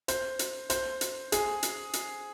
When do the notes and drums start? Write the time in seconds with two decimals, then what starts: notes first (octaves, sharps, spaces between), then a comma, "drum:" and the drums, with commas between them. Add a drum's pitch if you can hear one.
0.08 C5, drum: hi-hat
0.39 drum: hi-hat
0.70 C5, drum: hi-hat
1.01 drum: hi-hat
1.32 G#4, drum: hi-hat
1.63 drum: hi-hat
1.93 drum: hi-hat